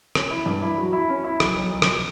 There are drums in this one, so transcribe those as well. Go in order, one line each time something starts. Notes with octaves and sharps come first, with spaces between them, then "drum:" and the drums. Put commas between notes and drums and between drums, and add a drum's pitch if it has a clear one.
C#4, drum: rim click
E4
G2
E4
F#3
E4
C#4
E4
B1, drum: rim click
B1
B1
drum: rim click